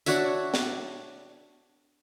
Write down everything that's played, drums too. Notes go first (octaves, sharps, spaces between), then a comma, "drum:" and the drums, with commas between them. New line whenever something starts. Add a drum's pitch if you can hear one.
D4 F#4 C#5 E5, drum: tambourine
drum: snare